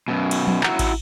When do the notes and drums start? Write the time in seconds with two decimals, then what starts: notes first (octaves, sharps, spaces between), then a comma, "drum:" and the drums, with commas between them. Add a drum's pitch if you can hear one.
0.08 F#2 B2
0.31 drum: cymbal
0.47 drum: tom F3
0.63 E4 F#4 F#5 A#5, drum: clap
0.79 drum: kick, cymbal